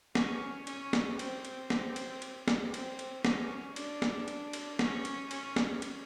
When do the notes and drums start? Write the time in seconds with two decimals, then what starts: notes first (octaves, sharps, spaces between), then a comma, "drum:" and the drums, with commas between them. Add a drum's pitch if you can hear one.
0.15 C#4, drum: snare
0.67 C#4, drum: cymbal
0.93 drum: snare
1.19 C4, drum: cymbal
1.45 drum: cymbal
1.70 drum: snare
1.96 drum: cymbal
2.22 drum: cymbal
2.48 drum: snare
2.74 C4, drum: cymbal
2.99 drum: cymbal
3.25 C#4, drum: snare
3.76 D4, drum: cymbal
4.02 drum: snare
4.28 drum: cymbal
4.53 drum: cymbal
4.79 C#4, drum: snare
5.05 drum: cymbal
5.31 C#4, drum: cymbal
5.56 drum: snare
5.82 drum: cymbal